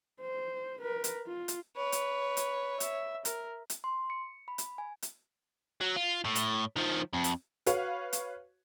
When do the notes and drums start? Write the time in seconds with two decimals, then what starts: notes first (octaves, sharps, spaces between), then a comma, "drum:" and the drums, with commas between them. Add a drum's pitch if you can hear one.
0.21 C5
0.82 A#4 B4
1.04 drum: hi-hat
1.27 F4
1.48 drum: hi-hat
1.77 B4 C#5
1.92 drum: hi-hat
2.37 drum: hi-hat
2.80 E5, drum: hi-hat
3.25 A#4, drum: hi-hat
3.70 drum: hi-hat
3.84 C6
4.10 C#7
4.48 B5
4.58 drum: hi-hat
4.78 G#5
5.02 drum: hi-hat
5.81 F#3
5.97 F4
6.25 A2
6.35 drum: hi-hat
6.76 D#3 F3
7.13 F2
7.24 drum: hi-hat
7.66 F#4 B4 C#5 F5, drum: hi-hat
8.13 drum: hi-hat